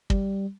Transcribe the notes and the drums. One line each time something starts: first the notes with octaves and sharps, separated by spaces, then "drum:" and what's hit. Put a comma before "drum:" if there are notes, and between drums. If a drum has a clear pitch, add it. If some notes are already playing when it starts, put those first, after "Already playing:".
G3, drum: kick